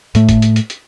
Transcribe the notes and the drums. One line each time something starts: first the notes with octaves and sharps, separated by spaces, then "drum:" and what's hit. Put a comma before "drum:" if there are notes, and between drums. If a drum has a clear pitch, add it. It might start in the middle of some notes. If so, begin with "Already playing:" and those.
A2 A3, drum: hi-hat
drum: kick, hi-hat
drum: hi-hat
drum: hi-hat
drum: hi-hat